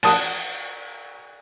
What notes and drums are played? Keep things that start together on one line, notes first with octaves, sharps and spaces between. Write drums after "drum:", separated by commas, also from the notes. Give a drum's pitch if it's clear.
A5 D#6 F#6, drum: cymbal